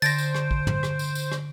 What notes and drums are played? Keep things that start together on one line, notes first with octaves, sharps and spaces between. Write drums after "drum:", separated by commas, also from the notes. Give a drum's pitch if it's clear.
D3 C5 A6 A#6 D7, drum: tambourine
drum: tambourine
drum: rim click
drum: kick
drum: tom
drum: rim click
drum: tambourine
drum: tambourine
drum: rim click